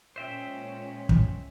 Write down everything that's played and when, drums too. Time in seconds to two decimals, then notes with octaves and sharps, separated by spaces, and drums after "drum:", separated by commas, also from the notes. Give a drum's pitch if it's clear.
0.16 A#2 G#3 C#4 C5 E5 G5
1.09 drum: kick